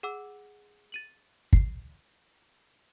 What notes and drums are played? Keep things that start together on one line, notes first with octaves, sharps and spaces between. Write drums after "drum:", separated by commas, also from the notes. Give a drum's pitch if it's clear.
G#4 F#5 D6 E6
A6 D#7 F#7
C7, drum: kick